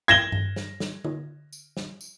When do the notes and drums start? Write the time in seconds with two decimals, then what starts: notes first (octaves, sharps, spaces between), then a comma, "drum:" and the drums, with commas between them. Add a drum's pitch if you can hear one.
0.08 G#6 A#6 E7 G7
0.32 drum: tom G2
0.56 drum: snare
0.80 drum: snare
1.04 drum: tom
1.53 drum: tambourine
1.77 drum: snare
2.01 drum: tambourine